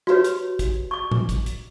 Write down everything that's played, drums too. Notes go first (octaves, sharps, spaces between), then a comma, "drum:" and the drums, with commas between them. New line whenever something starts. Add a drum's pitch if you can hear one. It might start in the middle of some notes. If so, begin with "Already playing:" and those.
F#4 G4 B4 C#5, drum: rim click
drum: hi-hat
drum: kick, hi-hat
C#6 D6
drum: tom A2
drum: kick, hi-hat
drum: hi-hat